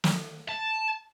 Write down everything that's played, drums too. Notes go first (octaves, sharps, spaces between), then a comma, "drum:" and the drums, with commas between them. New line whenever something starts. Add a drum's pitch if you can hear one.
drum: snare
A5